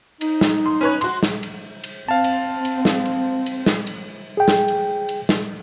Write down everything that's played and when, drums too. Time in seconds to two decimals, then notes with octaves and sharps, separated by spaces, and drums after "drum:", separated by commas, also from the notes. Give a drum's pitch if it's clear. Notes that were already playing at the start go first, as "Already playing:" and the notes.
0.21 D#4, drum: cymbal
0.41 drum: snare
0.66 C6
0.81 C#4 B4 C#5
1.01 F#4 C6, drum: cymbal
1.23 drum: snare
1.43 drum: cymbal
1.84 drum: cymbal
2.08 C4 F5 A5
2.24 drum: cymbal
2.65 drum: cymbal
2.85 drum: snare
3.05 drum: cymbal
3.46 drum: cymbal
3.66 drum: snare
3.87 drum: cymbal
4.37 G#4 G5
4.48 drum: snare
4.68 drum: cymbal
5.09 drum: cymbal
5.29 drum: snare